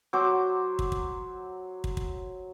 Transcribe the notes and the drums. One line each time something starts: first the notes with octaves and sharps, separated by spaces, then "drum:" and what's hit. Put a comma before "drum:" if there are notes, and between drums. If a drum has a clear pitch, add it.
F#3 C5 D6
drum: kick
drum: kick
drum: kick
drum: kick